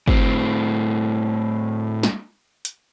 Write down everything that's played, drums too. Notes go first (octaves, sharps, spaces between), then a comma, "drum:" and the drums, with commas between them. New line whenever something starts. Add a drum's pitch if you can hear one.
A2 C4, drum: kick G1
drum: snare
drum: hi-hat